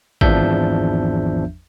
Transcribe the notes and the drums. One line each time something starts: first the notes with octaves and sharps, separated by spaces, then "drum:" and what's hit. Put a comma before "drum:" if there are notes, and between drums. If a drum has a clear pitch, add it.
G#1 E2 F3 D4 E5 G6, drum: kick A1